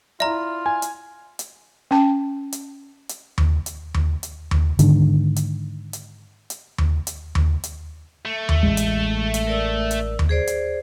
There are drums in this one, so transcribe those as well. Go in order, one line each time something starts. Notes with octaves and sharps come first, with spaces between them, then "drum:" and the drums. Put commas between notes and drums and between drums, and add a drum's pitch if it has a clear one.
E4 F4 D5 E5 A#5
G#5
drum: hi-hat
drum: hi-hat
C#4 A5
drum: hi-hat
drum: hi-hat
drum: tom D#2
drum: hi-hat
drum: tom D#2
drum: hi-hat
drum: tom D#2
G#2 D3 D#3, drum: hi-hat
drum: hi-hat
drum: hi-hat
drum: hi-hat
drum: tom D#2
drum: hi-hat
drum: tom D#2
drum: hi-hat
A3
drum: tom D#2
A1 G#3
drum: hi-hat
drum: hi-hat
A#4 D5 E6
drum: hi-hat
drum: tom D#2
G#4 C5 D5
drum: hi-hat